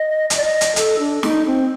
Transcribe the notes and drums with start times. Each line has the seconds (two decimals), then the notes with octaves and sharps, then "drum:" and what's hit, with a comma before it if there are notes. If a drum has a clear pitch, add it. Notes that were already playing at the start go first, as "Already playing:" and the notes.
Already playing: D#5
0.30 D#5, drum: hi-hat
0.37 D5
0.44 D#5
0.61 drum: hi-hat
0.76 A4, drum: hi-hat
0.99 D4
1.23 D#4, drum: snare
1.46 C4